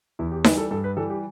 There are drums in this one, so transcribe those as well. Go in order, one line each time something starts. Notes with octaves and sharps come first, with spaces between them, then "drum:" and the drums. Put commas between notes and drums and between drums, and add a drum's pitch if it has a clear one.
E2 E4
G4
E3 G3 B4, drum: snare D#4
A4
G2 A4
B4
E3 G3 A4
G4